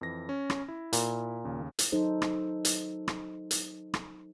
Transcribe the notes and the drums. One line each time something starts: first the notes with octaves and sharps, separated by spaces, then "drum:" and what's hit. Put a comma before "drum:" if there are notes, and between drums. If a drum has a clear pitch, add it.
F2 E3 A#6
C#4
drum: rim click
E4
A#2, drum: hi-hat
D#2 C#3
drum: hi-hat
F#3 D#4 A4 C5
drum: rim click
drum: hi-hat
drum: rim click
drum: hi-hat
drum: rim click